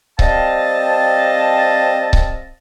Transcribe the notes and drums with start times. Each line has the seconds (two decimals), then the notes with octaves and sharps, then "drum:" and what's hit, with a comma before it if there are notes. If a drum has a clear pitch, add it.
0.19 G3 C4 D#5 F5 A5, drum: kick C#1
2.13 drum: kick C#1